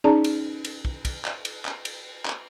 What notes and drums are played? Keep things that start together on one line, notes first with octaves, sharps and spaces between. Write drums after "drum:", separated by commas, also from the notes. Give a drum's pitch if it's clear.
C#4 D#4 G#4 D5 A5 A#5
drum: cymbal
drum: cymbal
drum: kick
drum: kick, cymbal
drum: clap
drum: cymbal
drum: clap
drum: cymbal
drum: clap